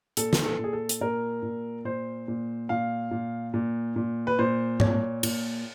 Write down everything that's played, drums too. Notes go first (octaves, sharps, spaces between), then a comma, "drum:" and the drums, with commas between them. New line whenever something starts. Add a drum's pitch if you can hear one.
A#2 A4, drum: hi-hat
drum: snare
A4
A#2 G#4
A4
drum: hi-hat
A#2 A#4
A#2
A#2 C5
A#2
A#2 F5
A#2
A#2
A#2
B4
A#2 C5
A#2 C#5, drum: tom G#2
A#2, drum: cymbal